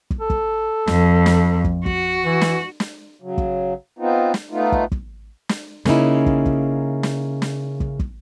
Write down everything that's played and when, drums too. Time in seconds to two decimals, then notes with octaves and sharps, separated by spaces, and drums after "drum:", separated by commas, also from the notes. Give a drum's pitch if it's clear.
0.10 drum: kick
0.21 A4
0.30 drum: kick
0.87 F2, drum: snare
1.26 drum: snare
1.64 drum: kick
1.86 F#4, drum: kick
2.25 E3
2.41 drum: snare
2.80 drum: snare
3.22 C#3 F#3
3.38 drum: kick
3.99 B3 C4 D#4 F4
4.34 drum: snare
4.51 A3 B3 D#4 F4
4.72 drum: kick
4.92 drum: kick
5.49 drum: snare
5.85 C#3 A#3 C#4 D#4 E4, drum: snare
6.26 drum: kick
6.46 drum: kick
7.03 drum: snare
7.42 drum: snare
7.80 drum: kick
7.99 drum: kick